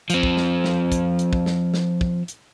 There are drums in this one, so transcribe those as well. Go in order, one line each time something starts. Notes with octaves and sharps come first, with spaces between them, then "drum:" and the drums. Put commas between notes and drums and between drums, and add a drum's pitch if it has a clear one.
F3 C4, drum: hi-hat
drum: kick
drum: snare
drum: snare
drum: kick, hi-hat
drum: hi-hat
drum: kick
drum: snare
drum: snare
drum: kick
drum: hi-hat